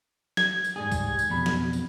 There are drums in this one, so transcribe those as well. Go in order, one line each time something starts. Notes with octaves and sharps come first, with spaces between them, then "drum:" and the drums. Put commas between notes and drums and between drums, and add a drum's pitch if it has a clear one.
G#6, drum: snare
drum: tambourine
G#2 G3 G#4
drum: kick B1, tambourine
drum: tambourine
F2 B2 B5
drum: snare
drum: tambourine